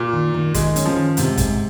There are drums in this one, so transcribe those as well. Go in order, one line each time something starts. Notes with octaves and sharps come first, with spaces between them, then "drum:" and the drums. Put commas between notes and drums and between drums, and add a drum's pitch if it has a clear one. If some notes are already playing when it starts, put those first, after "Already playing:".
Already playing: A#2
D#3
D#3
D#3 G#3, drum: kick, hi-hat
C#4, drum: hi-hat
F3
D#3
G#2 C3, drum: hi-hat
G#2, drum: kick, hi-hat